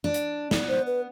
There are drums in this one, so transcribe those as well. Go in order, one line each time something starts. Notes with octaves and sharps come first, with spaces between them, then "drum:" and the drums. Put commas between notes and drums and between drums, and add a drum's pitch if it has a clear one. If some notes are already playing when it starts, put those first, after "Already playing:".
D4
drum: hi-hat
B3, drum: snare
C5
B4